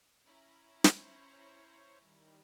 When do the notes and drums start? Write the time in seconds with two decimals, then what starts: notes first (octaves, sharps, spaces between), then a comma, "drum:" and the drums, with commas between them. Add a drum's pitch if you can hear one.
0.25 C#4 E4 A#5
0.84 C5 C#5, drum: snare
2.00 D#3 G3